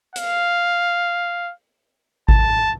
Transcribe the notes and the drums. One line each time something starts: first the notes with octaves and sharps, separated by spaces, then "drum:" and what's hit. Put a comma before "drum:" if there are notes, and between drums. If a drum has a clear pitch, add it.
F5, drum: hi-hat
A5, drum: kick G#1